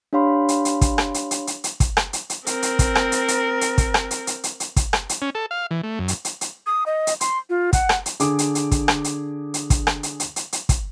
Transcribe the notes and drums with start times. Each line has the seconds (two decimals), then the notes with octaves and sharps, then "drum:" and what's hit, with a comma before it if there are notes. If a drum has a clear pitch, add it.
0.13 D4 G4 C#5 F5 B5 C6
0.49 drum: hi-hat
0.65 drum: hi-hat
0.81 drum: kick, hi-hat
0.98 drum: rim click
1.14 drum: hi-hat
1.31 drum: hi-hat
1.47 drum: hi-hat
1.64 drum: hi-hat
1.80 drum: kick, hi-hat
1.97 drum: rim click
2.13 drum: hi-hat
2.30 drum: hi-hat
2.47 C4 A#4, drum: hi-hat
2.62 drum: hi-hat
2.79 drum: kick, hi-hat
2.95 drum: rim click
3.12 drum: hi-hat
3.28 drum: hi-hat
3.61 drum: hi-hat
3.78 drum: kick, hi-hat
3.94 drum: rim click
4.11 drum: hi-hat
4.27 drum: hi-hat
4.44 drum: hi-hat
4.60 drum: hi-hat
4.76 drum: kick, hi-hat
4.93 drum: rim click
5.09 drum: hi-hat
5.22 C#4
5.35 A4
5.51 F5
5.71 E3
5.83 A3
5.99 F#2
6.08 drum: hi-hat
6.25 drum: hi-hat
6.41 drum: hi-hat
6.66 D#6
6.86 D#5
7.07 drum: hi-hat
7.21 C6, drum: hi-hat
7.50 F4
7.73 F#5, drum: kick, hi-hat
7.89 drum: rim click
8.06 drum: hi-hat
8.20 D3 G#4 D6, drum: hi-hat
8.39 drum: hi-hat
8.55 drum: hi-hat
8.71 drum: kick, hi-hat
8.88 drum: rim click
9.04 drum: hi-hat
9.54 drum: hi-hat
9.70 drum: kick, hi-hat
9.87 drum: rim click
10.03 drum: hi-hat
10.20 drum: hi-hat
10.36 drum: hi-hat
10.53 drum: hi-hat
10.69 drum: kick, hi-hat